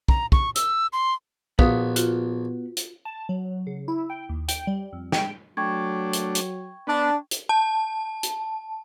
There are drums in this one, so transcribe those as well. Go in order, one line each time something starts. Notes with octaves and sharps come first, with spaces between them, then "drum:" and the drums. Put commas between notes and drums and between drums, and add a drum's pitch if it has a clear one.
A#5, drum: kick
C#6, drum: kick
E6, drum: hi-hat
C6
A#1 B3 F#4 F5 D#6, drum: kick
F4 F#4, drum: hi-hat
drum: hi-hat
A5
F#3
C#3
E4
G5
D#2
G5, drum: hi-hat
G3
F2
G5, drum: snare
F#3 A3 D4 G5 C#6 G#6
drum: hi-hat
drum: hi-hat
B3 D4
drum: hi-hat
A5
drum: hi-hat